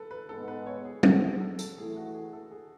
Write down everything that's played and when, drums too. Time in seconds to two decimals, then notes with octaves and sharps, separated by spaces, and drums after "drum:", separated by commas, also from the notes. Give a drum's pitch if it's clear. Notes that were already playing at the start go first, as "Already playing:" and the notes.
Already playing: A4 B4
0.11 B4
0.29 G#2 G#3 B3 A4
0.48 B4
0.66 C#5
0.85 G#4
1.03 F#4, drum: tom F#3
1.22 G#4
1.40 A4
1.59 A4, drum: tambourine
1.77 A2 E3 A3 E4 G#4
1.96 F#4
2.15 G#4
2.33 A4
2.51 G#4